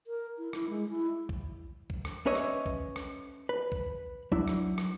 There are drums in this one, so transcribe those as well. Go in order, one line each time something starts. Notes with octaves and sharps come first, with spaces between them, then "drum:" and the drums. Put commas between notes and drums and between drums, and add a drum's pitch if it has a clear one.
A#4
E4
E4, drum: rim click
G#3
E4
drum: kick B1
drum: kick B1
drum: rim click
C#4 B4 C#5 D#5 E5
drum: rim click
drum: kick B1
drum: rim click
B4
drum: kick B1
F#3 D4 E4, drum: kick B1
drum: rim click
drum: rim click